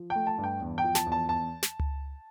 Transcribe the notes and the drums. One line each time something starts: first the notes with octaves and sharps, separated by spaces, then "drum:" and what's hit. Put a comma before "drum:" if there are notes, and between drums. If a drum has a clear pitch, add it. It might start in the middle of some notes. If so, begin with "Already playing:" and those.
Already playing: F3
G5
A3
A5
G2
G5
E2
G5
F3
A5, drum: snare
E2
A5
E2 A5
drum: snare
drum: tom C#2